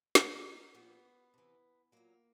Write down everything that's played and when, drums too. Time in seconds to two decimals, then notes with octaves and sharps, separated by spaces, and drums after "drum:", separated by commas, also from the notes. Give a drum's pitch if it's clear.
0.15 A#2 F#3 D#4, drum: snare
0.74 A#2 F3 B3
1.34 C3 E3
1.92 A#2 F#3 A#3